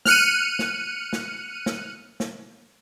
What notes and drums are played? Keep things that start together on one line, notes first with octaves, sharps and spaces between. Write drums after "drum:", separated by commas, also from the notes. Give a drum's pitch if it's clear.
F6 F#6 C#7 D#7, drum: snare
drum: snare
drum: snare
drum: snare
drum: snare